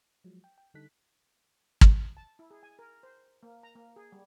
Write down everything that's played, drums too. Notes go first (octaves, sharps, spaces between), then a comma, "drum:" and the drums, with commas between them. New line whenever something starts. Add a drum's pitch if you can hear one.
F3 F#3 G#3
G5
G5
D3 G3 D#4 A4 F#6 B6
drum: kick
A5
E4
G#4
G#5
A#4
C5
A#3
A#5
A#3
G#4
G3